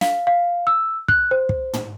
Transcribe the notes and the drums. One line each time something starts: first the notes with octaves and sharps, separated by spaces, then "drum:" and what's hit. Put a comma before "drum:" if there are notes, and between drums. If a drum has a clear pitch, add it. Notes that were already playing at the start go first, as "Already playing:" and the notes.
F5, drum: snare
F5
E6
F#6, drum: kick
C5
drum: kick
drum: tom